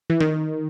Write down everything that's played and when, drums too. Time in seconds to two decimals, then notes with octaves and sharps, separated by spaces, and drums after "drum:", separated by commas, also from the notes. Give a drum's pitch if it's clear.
0.10 E3
0.21 D#3, drum: tom D#3